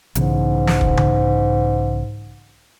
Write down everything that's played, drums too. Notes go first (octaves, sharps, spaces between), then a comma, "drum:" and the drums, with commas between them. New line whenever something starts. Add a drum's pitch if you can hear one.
B1 G#2 C#3 E3, drum: hi-hat
drum: snare
drum: kick
drum: tom C#3